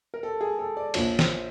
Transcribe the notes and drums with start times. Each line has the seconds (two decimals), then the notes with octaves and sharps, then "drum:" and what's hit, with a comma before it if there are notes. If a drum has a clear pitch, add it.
0.14 A#4
0.23 A4
0.41 G#4
0.59 A4
0.77 D5
0.94 A#1 A#2 F3 C#5, drum: cymbal
1.19 C5, drum: snare